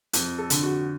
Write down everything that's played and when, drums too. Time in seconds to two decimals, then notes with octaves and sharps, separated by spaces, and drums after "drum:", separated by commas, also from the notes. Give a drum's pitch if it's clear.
0.13 F2, drum: hi-hat
0.38 A4
0.50 D3, drum: hi-hat
0.63 F#4